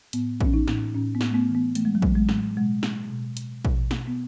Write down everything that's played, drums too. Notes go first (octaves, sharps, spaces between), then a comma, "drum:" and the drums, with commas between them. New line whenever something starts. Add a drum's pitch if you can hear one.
A2 B3, drum: hi-hat
E3 C#4, drum: kick A#1
D#4
A2, drum: snare
A2 C#4
B3
A2, drum: snare
A3
B3
E3
B3
E3 A3, drum: hi-hat
G#3
F#3
E3, drum: kick A#1
G#3
A2, drum: snare
B2 G#3
B2, drum: snare
B2
B2, drum: hi-hat
B2, drum: kick A#1
B2, drum: snare
B3